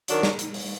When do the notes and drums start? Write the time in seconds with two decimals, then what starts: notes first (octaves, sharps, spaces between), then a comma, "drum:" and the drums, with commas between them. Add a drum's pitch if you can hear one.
0.08 D#3 F#3 D4 F#4 A#4, drum: hi-hat
0.23 drum: snare
0.39 drum: hi-hat
0.54 drum: open hi-hat